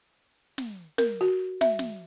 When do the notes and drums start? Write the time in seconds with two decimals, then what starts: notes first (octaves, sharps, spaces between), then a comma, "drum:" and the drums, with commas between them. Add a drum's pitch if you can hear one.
0.58 drum: snare
0.98 A#4, drum: snare
1.21 F#4
1.61 E5, drum: snare
1.79 drum: snare